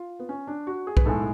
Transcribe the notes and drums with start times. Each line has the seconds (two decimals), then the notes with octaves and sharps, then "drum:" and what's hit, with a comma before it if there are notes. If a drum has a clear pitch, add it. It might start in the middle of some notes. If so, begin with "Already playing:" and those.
Already playing: F4
0.19 B3
0.29 C#4
0.47 D4
0.67 F#4
0.87 G#4
0.97 B4, drum: kick
1.06 B1 A2 G#3 A4